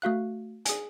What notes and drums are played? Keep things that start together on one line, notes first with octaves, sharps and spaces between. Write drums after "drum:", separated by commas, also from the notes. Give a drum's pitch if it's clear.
A3 F#4 F5 F#6
G#4 G#5, drum: hi-hat